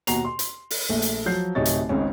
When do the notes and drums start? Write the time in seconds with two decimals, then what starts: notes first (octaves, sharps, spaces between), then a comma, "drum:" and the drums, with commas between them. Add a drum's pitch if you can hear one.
0.07 D#2 B2 F#4 A#5 C7 F7, drum: hi-hat
0.25 C6
0.39 drum: hi-hat
0.71 drum: open hi-hat
0.89 A#1 A3
1.02 drum: hi-hat
1.26 F3 F#3 G6 C7
1.55 D1 C3 D#4 C#5 A6
1.65 drum: hi-hat
1.89 G#1 C#2 G#2 C#4